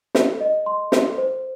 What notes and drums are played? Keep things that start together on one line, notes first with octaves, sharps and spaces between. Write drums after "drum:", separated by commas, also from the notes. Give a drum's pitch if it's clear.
A4, drum: snare
D#5
C6
A4, drum: snare
C5